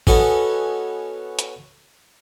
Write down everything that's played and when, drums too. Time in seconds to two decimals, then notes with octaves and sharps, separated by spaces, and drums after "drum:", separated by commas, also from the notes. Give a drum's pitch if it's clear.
0.07 B3 C#4 F#4 A4 D#5 G#5, drum: kick
1.39 drum: hi-hat